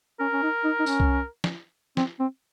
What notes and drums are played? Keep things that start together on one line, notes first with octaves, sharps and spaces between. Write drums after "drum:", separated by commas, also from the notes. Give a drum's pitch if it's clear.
C#4 A#4
C#4
D#4
D#4
D#4
C#4, drum: tambourine
drum: kick C2
drum: snare
C4, drum: snare
C4